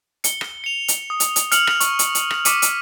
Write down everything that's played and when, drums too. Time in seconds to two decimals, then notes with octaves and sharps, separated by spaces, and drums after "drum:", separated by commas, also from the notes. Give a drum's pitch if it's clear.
0.24 C#7 G7, drum: hi-hat
0.41 drum: rim click
0.64 C#7 F7
0.88 drum: hi-hat
1.10 D#6
1.20 drum: hi-hat
1.36 drum: hi-hat
1.52 F6 C#7 F7 F#7, drum: hi-hat
1.67 drum: rim click
1.80 C#6, drum: hi-hat
1.99 drum: hi-hat
2.15 drum: hi-hat
2.31 drum: rim click
2.45 C#6 D6 B6 C#7 D#7, drum: hi-hat
2.62 drum: hi-hat